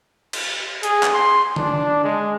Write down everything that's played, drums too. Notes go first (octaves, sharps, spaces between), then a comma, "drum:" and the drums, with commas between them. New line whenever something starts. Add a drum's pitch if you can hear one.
drum: cymbal
G#4, drum: hi-hat
drum: clap
C6
D4, drum: tom C#3
G#3